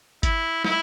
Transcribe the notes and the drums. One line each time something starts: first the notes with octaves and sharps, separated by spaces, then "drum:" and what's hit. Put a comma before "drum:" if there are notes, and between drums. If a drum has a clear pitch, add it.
E4, drum: kick G1, hi-hat
E4, drum: snare